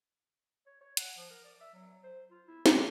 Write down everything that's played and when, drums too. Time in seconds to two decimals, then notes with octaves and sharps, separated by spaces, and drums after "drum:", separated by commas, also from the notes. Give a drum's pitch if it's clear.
0.66 C#5
0.81 C#5
0.97 F#5, drum: hi-hat
1.17 F3
1.30 A#4
1.44 D5
1.60 E5
1.74 F#3
2.04 C5
2.31 F4
2.47 E4
2.66 G4, drum: snare